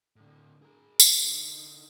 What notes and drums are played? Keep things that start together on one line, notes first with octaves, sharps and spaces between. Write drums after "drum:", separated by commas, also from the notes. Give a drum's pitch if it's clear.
A2 D3
G#4 A#4
drum: tambourine
D3 D#4